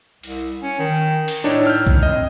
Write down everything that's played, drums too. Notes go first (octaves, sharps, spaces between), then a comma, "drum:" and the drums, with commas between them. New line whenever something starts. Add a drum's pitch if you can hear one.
C2, drum: open hi-hat
C#4
D#3
drum: cymbal
A2 D4 D#4 C#5
F6 G6
drum: kick C2
F2 D#5